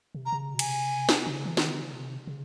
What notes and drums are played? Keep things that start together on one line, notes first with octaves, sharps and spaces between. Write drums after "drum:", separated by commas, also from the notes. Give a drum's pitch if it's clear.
C3
A#5
C3
C#3
B2
C3 G#5, drum: cymbal
drum: snare
C#3
E3
D#3, drum: snare
D3
C#3
C3
C#3